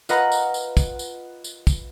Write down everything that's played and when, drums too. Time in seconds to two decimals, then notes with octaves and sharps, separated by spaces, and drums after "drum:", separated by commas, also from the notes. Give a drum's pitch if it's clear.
0.09 F4 B4 D#5 F#5 A#5 B5, drum: tambourine
0.32 drum: tambourine
0.54 drum: tambourine
0.77 drum: kick, tambourine
0.99 drum: tambourine
1.44 drum: tambourine
1.67 drum: kick, tambourine